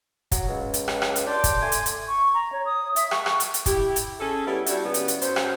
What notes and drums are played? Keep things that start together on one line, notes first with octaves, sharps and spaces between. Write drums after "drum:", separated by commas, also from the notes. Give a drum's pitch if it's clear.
F#3, drum: kick, hi-hat
C#2
drum: hi-hat
drum: rim click
drum: rim click
drum: hi-hat
D4 G4 C6 D6
drum: kick, hi-hat
A3 G#5
drum: hi-hat
drum: hi-hat
C#6
A#5
C#5
D#6
E5, drum: hi-hat
C#6, drum: rim click
drum: rim click
drum: hi-hat
drum: hi-hat
E4 G4, drum: kick, hi-hat
drum: hi-hat
C#4 G#4 A4
G3 B3 C#4 E4
G2 G3 D4 E4 F#4, drum: hi-hat
C#3 F#3 G3 B3
drum: hi-hat
drum: hi-hat
F#2 C#4 C5, drum: hi-hat
drum: rim click